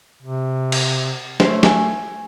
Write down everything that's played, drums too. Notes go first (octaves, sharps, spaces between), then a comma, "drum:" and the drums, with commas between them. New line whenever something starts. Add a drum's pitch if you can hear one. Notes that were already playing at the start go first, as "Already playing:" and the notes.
C3
drum: cymbal
A3 C5 C#5, drum: snare
G#5, drum: snare